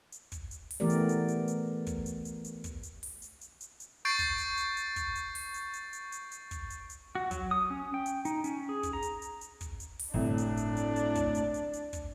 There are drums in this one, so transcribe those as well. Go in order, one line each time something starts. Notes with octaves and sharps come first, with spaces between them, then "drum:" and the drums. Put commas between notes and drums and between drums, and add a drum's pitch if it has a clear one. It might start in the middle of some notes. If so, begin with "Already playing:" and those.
drum: hi-hat
drum: kick, hi-hat
drum: hi-hat
drum: open hi-hat
E3 A3 B3 G4 A#4 D5
drum: hi-hat
drum: hi-hat
drum: hi-hat
drum: hi-hat
drum: kick, hi-hat
drum: hi-hat
drum: hi-hat
drum: hi-hat
drum: kick, hi-hat
drum: hi-hat
drum: open hi-hat
drum: hi-hat
drum: hi-hat
drum: hi-hat
drum: hi-hat
C#6 G6 A6 C7 D7
drum: kick, hi-hat
drum: hi-hat
drum: hi-hat
drum: hi-hat
drum: kick, hi-hat
drum: hi-hat
drum: open hi-hat
drum: hi-hat
drum: hi-hat
drum: hi-hat
drum: hi-hat
drum: hi-hat
drum: kick, hi-hat
drum: hi-hat
drum: hi-hat
F#4
F#3, drum: kick, hi-hat
D#6
C#4
G5
drum: hi-hat
D#4, drum: hi-hat
C#4, drum: hi-hat
G#4
drum: kick, hi-hat
A#5
drum: hi-hat
drum: hi-hat
drum: hi-hat
drum: kick, hi-hat
drum: hi-hat
drum: open hi-hat
G1 C2 A2 D4
drum: hi-hat
drum: hi-hat
drum: hi-hat
drum: hi-hat
drum: kick, hi-hat
drum: hi-hat
drum: hi-hat
drum: hi-hat
drum: kick, hi-hat